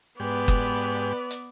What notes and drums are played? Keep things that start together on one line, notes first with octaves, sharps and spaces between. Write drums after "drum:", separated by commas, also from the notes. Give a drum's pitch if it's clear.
G#2 B3 G4 B4 D5
drum: kick F#1
drum: hi-hat